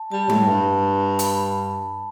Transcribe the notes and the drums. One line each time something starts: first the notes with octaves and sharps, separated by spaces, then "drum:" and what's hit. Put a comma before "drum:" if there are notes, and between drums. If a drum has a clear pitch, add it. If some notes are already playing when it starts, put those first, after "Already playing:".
Already playing: A5
G3 A5
A2, drum: tom G3
G2
B5, drum: hi-hat